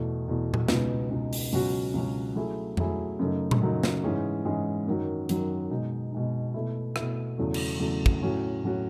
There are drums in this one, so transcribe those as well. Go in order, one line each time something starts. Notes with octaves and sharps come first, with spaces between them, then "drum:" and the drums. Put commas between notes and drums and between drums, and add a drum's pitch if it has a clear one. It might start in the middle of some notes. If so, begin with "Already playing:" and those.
Already playing: E2 B2 A3
E2 B2 A3
drum: tom A#2
C#2 B2 G#3 B3 D#4, drum: snare
C#2 B2 G#3 B3 D#4
drum: open hi-hat
C#2 B2 F#3 C#4 F#4
C#2 B2 F#3 C#4 F#4
F#3 A3 E4 G#4
F#3 A3 E4 G#4, drum: tom F2
F#2 C#3 F#3 A3 D#4
drum: tom A#2
F#2 C#3 F#3 A3 D#4
drum: snare
G#2 E3 G#3 C#4 G#4
G#2 E3 G#3 C#4 G#4
F#2 D#3 F#3
F#2 D#3 F#3, drum: hi-hat
B2 G#3 D#4
B2 G#3 D#4
B2 A3 E4
B2 A3 E4, drum: rim click
E2 C#3 F#3 A3
drum: cymbal
E2 C#3 F#3 A3
drum: kick
A2 F#3 C#4 F#4
A2 F#3 C#4 F#4